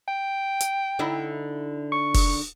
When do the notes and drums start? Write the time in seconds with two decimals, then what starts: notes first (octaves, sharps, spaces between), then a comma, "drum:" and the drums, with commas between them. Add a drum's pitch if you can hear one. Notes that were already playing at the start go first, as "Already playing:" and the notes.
0.08 G5
0.61 drum: hi-hat
0.99 D3 D#4 E4
1.92 C#6
2.14 drum: kick F1, open hi-hat